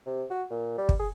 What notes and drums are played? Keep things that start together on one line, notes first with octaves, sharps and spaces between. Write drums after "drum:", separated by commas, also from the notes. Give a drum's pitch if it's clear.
C3
F#4
A#2
G3
drum: kick
G#4